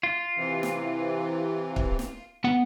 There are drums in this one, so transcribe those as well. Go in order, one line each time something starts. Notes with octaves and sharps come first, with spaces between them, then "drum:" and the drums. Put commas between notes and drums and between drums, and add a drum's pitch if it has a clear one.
F4
C3 E3
drum: snare
drum: kick
drum: snare
B3 F#5